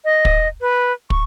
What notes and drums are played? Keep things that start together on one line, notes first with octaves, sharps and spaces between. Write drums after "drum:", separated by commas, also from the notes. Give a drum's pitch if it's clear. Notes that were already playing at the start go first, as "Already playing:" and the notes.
D#5
drum: kick
B4
C#6, drum: kick